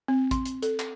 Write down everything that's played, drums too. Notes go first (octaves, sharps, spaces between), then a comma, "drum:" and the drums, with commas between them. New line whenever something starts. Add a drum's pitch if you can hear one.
C4
C6, drum: kick A1, hi-hat
drum: hi-hat
A4, drum: hi-hat
drum: clap